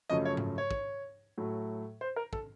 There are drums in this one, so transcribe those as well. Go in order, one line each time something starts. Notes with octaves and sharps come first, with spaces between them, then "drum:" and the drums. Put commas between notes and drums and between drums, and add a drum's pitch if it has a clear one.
F#2 C#3 F3 A3 C#4 D#5
C#5
drum: tom G#2
C#5
drum: kick
A2 F#3 A3
C5
A#4
A4, drum: kick